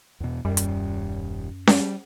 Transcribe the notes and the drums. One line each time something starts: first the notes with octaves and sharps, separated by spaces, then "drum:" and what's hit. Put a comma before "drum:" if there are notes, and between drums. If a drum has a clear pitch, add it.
E2 B2
D#1 F#2 G3
drum: hi-hat
G3, drum: snare C#4